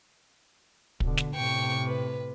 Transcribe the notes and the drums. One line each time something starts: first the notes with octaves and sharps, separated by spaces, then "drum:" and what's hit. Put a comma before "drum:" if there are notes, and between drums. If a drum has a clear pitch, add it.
B2 D3, drum: kick
drum: snare
A2 C3 G5 C#6
B4